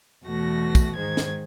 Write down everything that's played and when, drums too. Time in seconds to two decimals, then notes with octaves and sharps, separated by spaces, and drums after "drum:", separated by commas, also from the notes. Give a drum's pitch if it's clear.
0.24 E2 B2 E3 A3 F#4 A#6
0.75 drum: kick, tambourine
0.96 G#2 D#3 G#3 C5 G#6
1.17 drum: snare